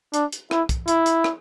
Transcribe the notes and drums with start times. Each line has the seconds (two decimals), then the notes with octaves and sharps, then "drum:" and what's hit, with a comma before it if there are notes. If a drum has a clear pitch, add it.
0.14 D4, drum: hi-hat
0.32 drum: hi-hat
0.51 E4, drum: rim click
0.69 drum: kick, hi-hat
0.88 E4, drum: hi-hat
1.06 drum: hi-hat
1.24 drum: rim click